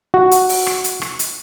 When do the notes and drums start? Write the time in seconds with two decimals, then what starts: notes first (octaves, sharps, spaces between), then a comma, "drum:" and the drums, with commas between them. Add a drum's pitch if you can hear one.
0.14 F#4
0.31 drum: hi-hat
0.49 drum: open hi-hat
0.66 drum: rim click
0.84 drum: hi-hat
1.02 drum: rim click
1.19 drum: hi-hat